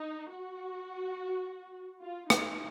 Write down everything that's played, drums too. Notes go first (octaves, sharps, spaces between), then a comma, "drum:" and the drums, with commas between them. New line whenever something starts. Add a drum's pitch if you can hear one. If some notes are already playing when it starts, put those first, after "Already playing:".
Already playing: D#4
F#4
F4
D#4, drum: rim click